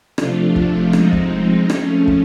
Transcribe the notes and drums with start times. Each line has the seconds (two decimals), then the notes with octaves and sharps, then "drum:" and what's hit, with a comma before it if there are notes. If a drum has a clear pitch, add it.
0.18 C3 F3 A3 D4 F4, drum: rim click
0.56 drum: kick
0.93 F3 G#3 C4 D#4, drum: rim click
1.13 drum: kick
1.70 F3 A3 C#4, drum: rim click
2.07 drum: kick